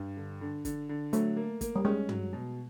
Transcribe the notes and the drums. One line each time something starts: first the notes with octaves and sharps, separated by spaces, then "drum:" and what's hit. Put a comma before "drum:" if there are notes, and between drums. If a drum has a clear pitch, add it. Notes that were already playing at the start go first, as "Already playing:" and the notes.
Already playing: G2
D3
D3
D3, drum: kick, hi-hat
D3
F#3 A3, drum: hi-hat
A#3
A#3, drum: kick, hi-hat
G3
G#3 C#4
F#3, drum: tom
B2